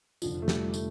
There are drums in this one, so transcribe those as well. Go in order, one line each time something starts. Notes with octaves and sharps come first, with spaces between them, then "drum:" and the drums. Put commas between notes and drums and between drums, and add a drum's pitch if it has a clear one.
F1 F2 D3 F3, drum: tambourine
A3
G3, drum: snare
A3, drum: tambourine